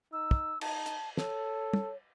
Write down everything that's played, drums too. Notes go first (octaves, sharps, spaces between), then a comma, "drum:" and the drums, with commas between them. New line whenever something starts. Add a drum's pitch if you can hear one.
D#4 E6
drum: kick
D#4 A5, drum: cymbal
drum: hi-hat
A4 C#5, drum: snare
drum: tom